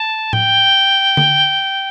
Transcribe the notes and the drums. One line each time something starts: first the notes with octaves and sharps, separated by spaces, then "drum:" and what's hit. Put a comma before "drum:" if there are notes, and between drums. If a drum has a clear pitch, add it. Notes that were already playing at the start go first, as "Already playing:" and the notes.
Already playing: A5
G5, drum: tom A2
drum: tom D3